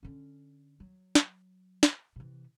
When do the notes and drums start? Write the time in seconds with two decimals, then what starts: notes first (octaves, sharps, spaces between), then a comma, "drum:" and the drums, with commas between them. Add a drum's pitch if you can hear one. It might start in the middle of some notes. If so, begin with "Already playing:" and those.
0.03 D3 C#4
0.80 F#3
1.15 drum: snare
1.83 drum: snare
2.16 C3 E3